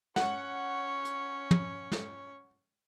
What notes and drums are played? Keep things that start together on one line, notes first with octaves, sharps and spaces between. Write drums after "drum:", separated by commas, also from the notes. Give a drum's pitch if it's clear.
C#4 C#5 F#5, drum: snare
drum: hi-hat
drum: tom
drum: snare